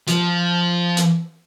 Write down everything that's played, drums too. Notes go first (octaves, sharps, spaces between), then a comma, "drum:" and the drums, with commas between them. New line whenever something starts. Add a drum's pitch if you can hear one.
F3, drum: hi-hat
drum: hi-hat